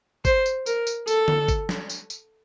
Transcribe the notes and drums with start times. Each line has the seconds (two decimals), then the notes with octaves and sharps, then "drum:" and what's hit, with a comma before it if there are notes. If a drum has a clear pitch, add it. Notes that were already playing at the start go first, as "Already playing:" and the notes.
0.25 C5, drum: kick G1, tambourine
0.46 drum: tambourine
0.66 A#4, drum: tambourine
0.87 drum: tambourine
1.07 A4, drum: tambourine
1.28 drum: tom D3
1.48 drum: kick G1, tambourine
1.69 drum: snare
1.89 drum: tambourine
2.10 drum: tambourine